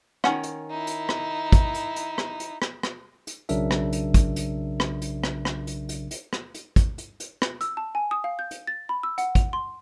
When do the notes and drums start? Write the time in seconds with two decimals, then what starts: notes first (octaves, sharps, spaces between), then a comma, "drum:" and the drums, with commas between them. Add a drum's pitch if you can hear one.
0.24 D#3 C#4 F#5, drum: rim click
0.43 drum: hi-hat
0.70 D#4 E4
0.87 drum: hi-hat
1.09 drum: rim click
1.52 drum: kick, hi-hat
1.74 drum: hi-hat
1.96 drum: hi-hat
2.18 drum: rim click
2.40 drum: hi-hat
2.62 drum: rim click
2.83 drum: rim click
3.27 drum: hi-hat
3.49 B1 C#3 F#3 D4 A#4 E5, drum: hi-hat
3.71 drum: rim click
3.93 drum: hi-hat
4.14 drum: kick, hi-hat
4.36 drum: hi-hat
4.80 drum: rim click
5.02 drum: hi-hat
5.24 drum: rim click
5.45 drum: rim click
5.67 drum: hi-hat
5.89 drum: hi-hat
6.11 drum: hi-hat
6.33 drum: rim click
6.54 drum: hi-hat
6.76 drum: kick, hi-hat
6.98 drum: hi-hat
7.20 drum: hi-hat
7.42 drum: rim click
7.61 E6, drum: hi-hat
7.77 A5
7.95 G#5
8.11 D#6
8.24 F5
8.39 G6
8.51 drum: hi-hat
8.67 A6
8.89 B5
9.03 E6
9.18 F#5, drum: hi-hat
9.35 F7, drum: kick, hi-hat
9.53 C6